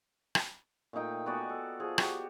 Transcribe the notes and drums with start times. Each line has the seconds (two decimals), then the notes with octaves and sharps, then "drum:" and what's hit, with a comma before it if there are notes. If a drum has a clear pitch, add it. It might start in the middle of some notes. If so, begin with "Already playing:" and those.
0.35 drum: rim click
0.93 A#2 A3 D#4 G5
1.26 B3 F#4 D5 G#5
1.49 A4
1.80 F3 G#4
1.98 F#4 G4, drum: rim click